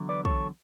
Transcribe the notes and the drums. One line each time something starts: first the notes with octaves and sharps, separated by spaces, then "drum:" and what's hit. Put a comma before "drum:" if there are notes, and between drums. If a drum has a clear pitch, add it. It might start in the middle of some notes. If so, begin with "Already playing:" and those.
Already playing: E2 D3 F#3
B4 D5
A4 C#5, drum: kick